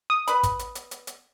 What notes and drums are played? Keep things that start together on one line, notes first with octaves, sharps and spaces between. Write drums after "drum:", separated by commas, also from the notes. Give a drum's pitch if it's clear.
D#6
B4 B5, drum: hi-hat
drum: kick, hi-hat
drum: hi-hat
drum: hi-hat
drum: hi-hat
drum: hi-hat